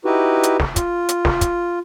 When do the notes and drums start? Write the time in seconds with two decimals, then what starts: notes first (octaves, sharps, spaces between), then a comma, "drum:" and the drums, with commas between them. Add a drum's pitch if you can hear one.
0.05 D#4 E4 F#4 G4 B4
0.43 drum: hi-hat
0.60 drum: snare
0.76 F4, drum: kick, hi-hat
1.09 drum: hi-hat
1.25 drum: snare
1.41 drum: kick, hi-hat